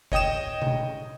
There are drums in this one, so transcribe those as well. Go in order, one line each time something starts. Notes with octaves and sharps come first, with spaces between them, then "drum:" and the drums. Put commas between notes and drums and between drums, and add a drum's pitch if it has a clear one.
C#5 D#5 G5 D#6 E7, drum: kick F1
drum: tom B2